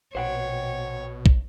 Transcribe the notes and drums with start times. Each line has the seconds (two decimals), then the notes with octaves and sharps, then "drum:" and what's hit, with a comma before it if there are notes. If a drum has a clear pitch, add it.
0.15 A#1 B2 C5 C#5 F#5 G5
1.26 drum: kick